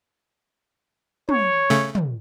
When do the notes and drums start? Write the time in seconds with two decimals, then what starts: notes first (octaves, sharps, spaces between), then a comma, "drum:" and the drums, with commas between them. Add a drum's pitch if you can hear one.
1.29 C#5, drum: tom
1.70 C#3 A3
1.95 drum: tom